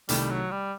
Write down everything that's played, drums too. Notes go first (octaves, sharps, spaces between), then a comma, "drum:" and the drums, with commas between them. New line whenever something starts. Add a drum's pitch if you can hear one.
C2 C3 D#3 G3 A3, drum: hi-hat
F#3
G3